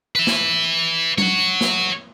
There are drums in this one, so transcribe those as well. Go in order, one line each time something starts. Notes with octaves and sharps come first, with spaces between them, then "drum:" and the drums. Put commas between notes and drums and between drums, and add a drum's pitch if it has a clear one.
B4 E5
drum: snare
C#5 F#5, drum: tom F#3
drum: snare